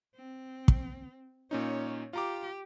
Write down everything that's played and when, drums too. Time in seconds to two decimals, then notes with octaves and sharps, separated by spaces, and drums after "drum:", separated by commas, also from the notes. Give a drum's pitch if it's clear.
0.16 C4
0.68 drum: kick
1.51 A#2 C#4 D#4 C#5
2.13 F4 G4 A#5 D6